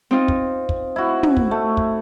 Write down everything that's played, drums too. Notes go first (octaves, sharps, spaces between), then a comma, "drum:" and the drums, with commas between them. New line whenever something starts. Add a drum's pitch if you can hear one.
C4 D#4 F4
drum: kick
drum: kick
E4 F#4
drum: tom
drum: kick
A3
drum: kick